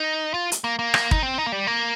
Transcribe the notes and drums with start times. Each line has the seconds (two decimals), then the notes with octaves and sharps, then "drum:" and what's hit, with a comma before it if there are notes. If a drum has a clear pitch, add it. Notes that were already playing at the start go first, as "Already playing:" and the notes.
Already playing: D#4
0.34 F4
0.52 drum: hi-hat
0.64 A#3
0.79 A#3
0.94 drum: rim click
1.11 D#4, drum: kick
1.23 C4
1.38 D#4
1.46 A#3
1.52 G3
1.67 A#3